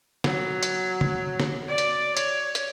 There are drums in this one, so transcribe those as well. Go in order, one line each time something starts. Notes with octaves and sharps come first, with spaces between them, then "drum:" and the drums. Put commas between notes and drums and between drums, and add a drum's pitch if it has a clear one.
F#3, drum: snare
drum: hi-hat
drum: tom
drum: snare
D5
drum: hi-hat
C#5, drum: hi-hat
drum: hi-hat